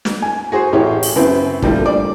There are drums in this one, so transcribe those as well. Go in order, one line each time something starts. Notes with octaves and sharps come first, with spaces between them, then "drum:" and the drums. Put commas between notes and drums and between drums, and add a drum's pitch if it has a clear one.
drum: snare
G#5
F#4 G#4 C5
A1 A2 G4 G#4 C#5
drum: open hi-hat
F#2 C#3 B3 C4 E4
D3 F3 G3 A3 A#3, drum: kick
D5